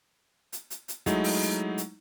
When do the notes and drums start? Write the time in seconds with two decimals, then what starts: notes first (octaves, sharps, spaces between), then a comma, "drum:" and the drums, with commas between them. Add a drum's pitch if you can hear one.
0.53 drum: hi-hat
0.70 drum: hi-hat
0.88 drum: hi-hat
1.06 F#3 G#3 A3 D#4 E4, drum: kick, hi-hat
1.24 drum: open hi-hat
1.42 drum: hi-hat
1.78 drum: hi-hat